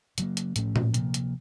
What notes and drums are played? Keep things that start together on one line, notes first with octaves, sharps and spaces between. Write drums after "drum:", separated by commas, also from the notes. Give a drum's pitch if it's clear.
C#3 F#3 A#3, drum: hi-hat
drum: hi-hat
A2 F3 A3 C#4, drum: hi-hat
drum: tom A#2
C3 F3 A#3, drum: hi-hat
drum: hi-hat